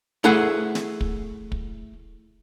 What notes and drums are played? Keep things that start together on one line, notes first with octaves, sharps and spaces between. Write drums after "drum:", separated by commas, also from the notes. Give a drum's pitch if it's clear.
A3 E4 G#4 B4 F#5
drum: snare
drum: kick
drum: kick